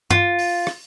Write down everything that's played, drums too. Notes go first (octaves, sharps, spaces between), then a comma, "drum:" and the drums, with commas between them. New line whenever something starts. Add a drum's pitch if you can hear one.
F4, drum: tom G2
drum: open hi-hat
drum: rim click